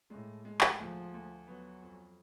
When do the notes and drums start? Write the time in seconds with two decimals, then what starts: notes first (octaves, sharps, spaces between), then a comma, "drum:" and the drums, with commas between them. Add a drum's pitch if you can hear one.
0.10 A2 G#3
0.45 G#3
0.61 drum: clap
0.79 D2 F3
1.14 D2
1.47 F#3 B3
1.83 F2